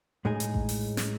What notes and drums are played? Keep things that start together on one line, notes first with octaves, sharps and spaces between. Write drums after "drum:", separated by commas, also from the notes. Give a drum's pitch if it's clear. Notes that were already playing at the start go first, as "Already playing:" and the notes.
A2 G#3 D#4 G#4
drum: hi-hat
drum: kick A1
drum: open hi-hat
drum: snare